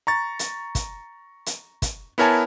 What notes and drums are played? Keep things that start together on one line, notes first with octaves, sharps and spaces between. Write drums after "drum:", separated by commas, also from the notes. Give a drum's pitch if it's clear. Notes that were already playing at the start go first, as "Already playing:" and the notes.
A#5 C#6 A6
drum: hi-hat
drum: kick, hi-hat
drum: hi-hat
drum: kick, hi-hat
B3 E4 A#4 C#5 G#5 A5